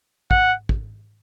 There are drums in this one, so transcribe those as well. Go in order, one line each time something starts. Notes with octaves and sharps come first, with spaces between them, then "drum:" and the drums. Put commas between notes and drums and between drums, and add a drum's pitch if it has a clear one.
F#5, drum: kick
drum: kick